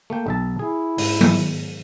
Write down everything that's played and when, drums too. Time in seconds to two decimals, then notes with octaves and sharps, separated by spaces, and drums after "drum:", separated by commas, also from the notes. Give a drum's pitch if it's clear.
0.10 A3 A#3 G5
0.27 B1 E5 A5
0.59 E4 G#4
0.98 G#2, drum: open hi-hat
1.21 drum: tom D#3